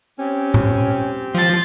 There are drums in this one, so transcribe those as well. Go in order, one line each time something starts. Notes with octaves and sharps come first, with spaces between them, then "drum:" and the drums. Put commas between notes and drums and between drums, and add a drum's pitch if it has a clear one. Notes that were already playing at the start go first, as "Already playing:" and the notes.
C4 C#4 G4
drum: tom A2
F3 C6 A6